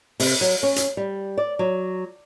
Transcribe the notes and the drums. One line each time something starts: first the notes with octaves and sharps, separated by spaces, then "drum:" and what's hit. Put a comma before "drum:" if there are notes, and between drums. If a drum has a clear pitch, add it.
C3, drum: open hi-hat
F#3
C#4
drum: hi-hat
G3
D5
F#3